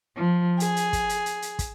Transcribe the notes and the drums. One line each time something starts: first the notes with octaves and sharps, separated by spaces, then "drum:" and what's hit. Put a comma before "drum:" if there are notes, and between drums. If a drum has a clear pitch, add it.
F3
G#4, drum: hi-hat
drum: hi-hat
drum: kick, hi-hat
drum: hi-hat
drum: hi-hat
drum: hi-hat
drum: kick, hi-hat